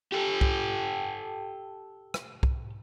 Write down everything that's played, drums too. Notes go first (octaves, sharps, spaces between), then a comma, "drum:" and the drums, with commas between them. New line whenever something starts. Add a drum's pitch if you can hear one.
G4 A4
drum: kick
drum: rim click
drum: kick